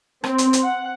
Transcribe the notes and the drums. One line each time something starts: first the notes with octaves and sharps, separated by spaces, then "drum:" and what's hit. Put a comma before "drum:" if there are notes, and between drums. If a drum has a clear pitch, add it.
C4, drum: rim click
drum: hi-hat
drum: hi-hat
F#5